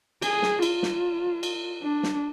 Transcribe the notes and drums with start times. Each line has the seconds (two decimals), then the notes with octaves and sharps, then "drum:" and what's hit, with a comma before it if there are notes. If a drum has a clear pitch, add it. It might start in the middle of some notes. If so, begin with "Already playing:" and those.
0.22 G#4, drum: cymbal
0.42 drum: snare
0.62 F4, drum: cymbal
0.83 drum: snare
1.43 drum: cymbal
1.83 D4
2.03 drum: snare